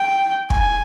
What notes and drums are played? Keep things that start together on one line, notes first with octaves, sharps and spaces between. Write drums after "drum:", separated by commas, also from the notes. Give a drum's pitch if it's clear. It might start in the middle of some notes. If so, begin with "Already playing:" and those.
Already playing: G5
G#5, drum: kick